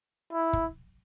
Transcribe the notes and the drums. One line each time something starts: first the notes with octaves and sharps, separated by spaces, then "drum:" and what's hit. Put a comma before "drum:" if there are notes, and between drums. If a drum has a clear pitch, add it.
E4
drum: kick